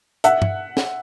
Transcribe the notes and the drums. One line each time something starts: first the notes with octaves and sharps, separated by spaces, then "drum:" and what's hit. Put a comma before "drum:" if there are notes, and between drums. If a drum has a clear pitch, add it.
E5 F#5, drum: hi-hat
drum: tom G2
drum: snare